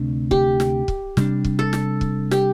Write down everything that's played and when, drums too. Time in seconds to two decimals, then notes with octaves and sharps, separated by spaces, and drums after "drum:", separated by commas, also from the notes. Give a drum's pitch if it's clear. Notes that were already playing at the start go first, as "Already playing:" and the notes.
Already playing: D2 C3 A3 D4
0.31 G4, drum: kick
0.60 drum: snare
0.88 drum: kick
1.17 C3 G3 D4, drum: snare
1.44 drum: kick
1.59 A4
1.73 drum: snare
2.01 drum: kick
2.31 G4, drum: snare